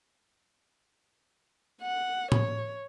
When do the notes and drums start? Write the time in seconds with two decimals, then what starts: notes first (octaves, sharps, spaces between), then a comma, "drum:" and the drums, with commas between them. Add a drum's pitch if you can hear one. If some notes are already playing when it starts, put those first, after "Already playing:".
1.82 F#5
2.32 C#5, drum: tom A2